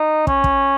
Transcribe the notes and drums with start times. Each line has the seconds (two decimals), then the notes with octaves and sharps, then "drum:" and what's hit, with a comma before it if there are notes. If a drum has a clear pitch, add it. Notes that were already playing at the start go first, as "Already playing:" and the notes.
Already playing: D#4
0.27 C#4, drum: kick
0.44 drum: kick